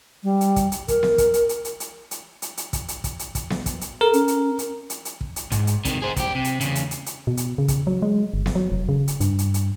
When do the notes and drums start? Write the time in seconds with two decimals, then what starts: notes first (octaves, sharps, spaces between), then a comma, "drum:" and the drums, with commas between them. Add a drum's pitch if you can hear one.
0.23 G3
0.41 drum: hi-hat
0.56 drum: kick, hi-hat
0.72 drum: hi-hat
0.88 A#4, drum: kick, hi-hat
1.03 drum: snare B3
1.18 drum: kick, hi-hat
1.34 drum: hi-hat
1.49 drum: hi-hat
1.65 drum: hi-hat
1.80 drum: hi-hat
2.11 drum: hi-hat
2.42 drum: hi-hat
2.57 drum: hi-hat
2.73 drum: kick, hi-hat
2.88 drum: hi-hat
3.04 drum: kick, hi-hat
3.19 drum: hi-hat
3.35 drum: kick, hi-hat
3.50 drum: snare B3
3.66 drum: kick, hi-hat
3.81 drum: hi-hat
4.01 A4 A#4
4.13 C#4, drum: hi-hat
4.28 drum: hi-hat
4.59 drum: hi-hat
4.90 drum: hi-hat
5.05 drum: hi-hat
5.21 drum: kick
5.36 drum: hi-hat
5.52 G#2, drum: kick, hi-hat
5.67 drum: hi-hat
5.85 C3 D#3, drum: kick, hi-hat
6.02 G#4 C5
6.16 B1 G4, drum: kick, hi-hat
6.35 C3
6.44 drum: hi-hat
6.61 E2 C#3, drum: hi-hat
6.75 drum: hi-hat
6.91 drum: hi-hat
7.06 drum: hi-hat
7.27 B2
7.37 drum: hi-hat
7.58 C#3
7.68 drum: kick, hi-hat
7.87 F#3
8.02 G#3
8.34 G1
8.46 drum: snare B3
8.55 F#3
8.72 F1
8.89 C#3
9.08 drum: hi-hat
9.20 G2, drum: hi-hat
9.39 drum: hi-hat
9.54 drum: hi-hat